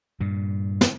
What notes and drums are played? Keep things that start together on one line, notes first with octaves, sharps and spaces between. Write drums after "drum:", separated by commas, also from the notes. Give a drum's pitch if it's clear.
G2 A#2
drum: snare